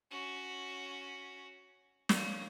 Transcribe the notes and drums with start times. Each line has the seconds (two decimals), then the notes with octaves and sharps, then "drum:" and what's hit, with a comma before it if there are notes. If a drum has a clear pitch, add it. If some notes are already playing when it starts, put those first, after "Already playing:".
0.11 C#4 F#4
2.09 A#3 C#4, drum: snare